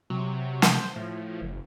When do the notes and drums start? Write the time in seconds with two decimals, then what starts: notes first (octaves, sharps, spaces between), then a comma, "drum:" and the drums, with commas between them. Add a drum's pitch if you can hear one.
0.10 C3 F#3
0.62 drum: snare
0.72 C5
0.96 A2 F3
1.42 F#1